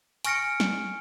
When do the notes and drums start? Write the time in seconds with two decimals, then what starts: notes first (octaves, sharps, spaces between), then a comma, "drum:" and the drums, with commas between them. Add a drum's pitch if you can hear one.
0.25 G#5 C#6 F6 A#6 C#7 D7, drum: hi-hat
0.60 drum: snare